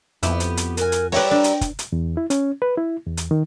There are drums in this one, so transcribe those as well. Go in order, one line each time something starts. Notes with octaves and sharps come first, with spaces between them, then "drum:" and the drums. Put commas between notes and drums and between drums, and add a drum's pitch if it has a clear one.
F2 B3 E4 G4, drum: hi-hat
drum: hi-hat
drum: hi-hat
F#4 A#4 G#5, drum: hi-hat
drum: hi-hat
G3 B4 C#5 E5 G5 A#5, drum: open hi-hat
D4
drum: hi-hat
drum: kick, hi-hat
drum: hi-hat
E2
E4
C#4, drum: hi-hat
B4
E4
E2
drum: hi-hat
D#3